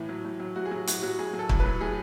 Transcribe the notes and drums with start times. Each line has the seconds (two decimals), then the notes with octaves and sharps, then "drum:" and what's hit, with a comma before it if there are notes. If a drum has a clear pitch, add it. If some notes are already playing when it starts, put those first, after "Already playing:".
Already playing: A2 E3
0.09 F#3
0.25 A2
0.40 F#3
0.56 A2 F#4
0.65 G#4
0.71 F#3 F#4
0.87 A2 F#4, drum: hi-hat
1.02 F#3 F#4
1.19 A2 G#4
1.33 F#3 G#4
1.39 A4
1.49 A2, drum: kick
1.60 B4
1.65 F#3
1.81 A2 G#4